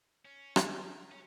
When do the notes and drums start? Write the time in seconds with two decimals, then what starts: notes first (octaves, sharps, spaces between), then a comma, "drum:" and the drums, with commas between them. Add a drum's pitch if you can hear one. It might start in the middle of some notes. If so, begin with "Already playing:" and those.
0.25 C#4
0.56 drum: rim click
1.12 C#4